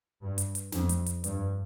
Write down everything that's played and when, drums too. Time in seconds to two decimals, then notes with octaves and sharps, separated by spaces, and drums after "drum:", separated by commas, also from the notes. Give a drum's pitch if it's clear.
0.21 G2
0.38 drum: hi-hat
0.55 drum: hi-hat
0.72 F2, drum: snare
0.89 drum: hi-hat
1.06 drum: hi-hat
1.24 G2, drum: hi-hat